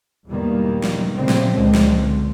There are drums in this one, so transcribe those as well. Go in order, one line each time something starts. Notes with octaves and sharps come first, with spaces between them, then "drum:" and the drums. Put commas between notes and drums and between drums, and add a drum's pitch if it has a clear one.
E2 G#2 B2 D#3 G3 A#3
drum: snare
A#2 C#3 G3 A3 C4
drum: snare
C#2 D3 G#3 C4
drum: snare